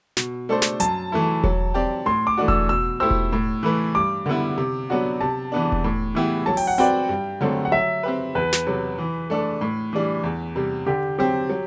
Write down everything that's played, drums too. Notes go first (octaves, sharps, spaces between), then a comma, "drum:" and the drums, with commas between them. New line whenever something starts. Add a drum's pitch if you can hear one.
B2, drum: snare
A3 D4 A4 C5
drum: snare
F#2 A5, drum: hi-hat
E3 A3 E4
F#3, drum: kick E1
C4 G4 D5
A2 C6
D6
E3 A3 D4 F#4
E6, drum: kick E1
B2 E6
A3 E4 G4 C5 E6
drum: kick E1
A2
E3 A3 E4 B4
G2 D6
D3 G3 B3 E4
C3
F#3 B3 D4 F#4
C3 A5
E3 B3 D4
drum: kick E1
A2
E3 B3 E4 G4
F#3 A5
G5, drum: open hi-hat
F#5
C4 F#4 B4 D5 G5
G2
D3 F#3 A3 C4
F#5
F#3 E5
C4 G4 B4
E2 B4
drum: snare
C3 F#3
E3
A3 D4 A4
A2
E3 G3 D4
E2
C3 G3
D3 G4
F#3 C4 G4
F#3